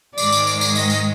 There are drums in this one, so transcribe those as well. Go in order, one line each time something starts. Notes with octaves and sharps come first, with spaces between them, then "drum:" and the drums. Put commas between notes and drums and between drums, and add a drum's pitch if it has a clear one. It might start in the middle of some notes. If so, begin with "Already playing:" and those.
G#2 D#3 G#3 D5, drum: tambourine
drum: tambourine
drum: tambourine
drum: tambourine
D#5, drum: tambourine
drum: tambourine